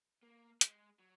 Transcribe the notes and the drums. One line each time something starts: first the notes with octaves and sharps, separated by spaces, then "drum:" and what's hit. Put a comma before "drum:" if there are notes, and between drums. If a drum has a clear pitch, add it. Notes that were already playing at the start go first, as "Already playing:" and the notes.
A#3
G#3, drum: hi-hat
F#3